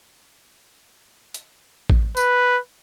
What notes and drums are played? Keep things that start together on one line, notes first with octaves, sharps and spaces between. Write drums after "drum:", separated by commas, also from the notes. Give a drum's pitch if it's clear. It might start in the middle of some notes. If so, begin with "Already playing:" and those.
drum: hi-hat
drum: kick A1
B4, drum: tambourine